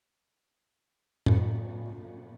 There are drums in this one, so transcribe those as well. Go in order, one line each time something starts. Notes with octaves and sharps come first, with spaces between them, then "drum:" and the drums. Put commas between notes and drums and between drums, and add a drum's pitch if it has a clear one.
F#2, drum: tom A2